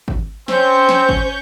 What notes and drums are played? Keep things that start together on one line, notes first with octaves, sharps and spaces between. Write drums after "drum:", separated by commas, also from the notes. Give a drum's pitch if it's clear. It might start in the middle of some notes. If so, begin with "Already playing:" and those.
drum: kick G#1
C4 C#4 C5 C#6 G6, drum: snare
drum: snare
drum: kick G#1